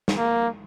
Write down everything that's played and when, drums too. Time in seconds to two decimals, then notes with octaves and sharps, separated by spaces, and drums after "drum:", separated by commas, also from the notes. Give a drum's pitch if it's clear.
0.08 drum: snare
0.18 A#3